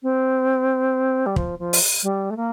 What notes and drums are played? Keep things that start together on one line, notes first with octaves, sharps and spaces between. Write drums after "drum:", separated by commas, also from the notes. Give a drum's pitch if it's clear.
C4
G3
F3, drum: kick
F3
drum: open hi-hat
G3
A3
A#3